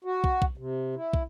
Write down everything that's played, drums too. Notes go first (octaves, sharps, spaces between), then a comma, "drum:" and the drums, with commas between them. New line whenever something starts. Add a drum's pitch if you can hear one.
F#4
drum: kick
drum: kick
C3
E4
drum: kick